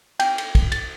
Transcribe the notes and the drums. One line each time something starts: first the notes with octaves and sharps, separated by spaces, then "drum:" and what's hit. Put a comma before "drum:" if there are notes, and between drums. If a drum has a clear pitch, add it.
G5, drum: cymbal
drum: cymbal
drum: kick, cymbal
A6, drum: cymbal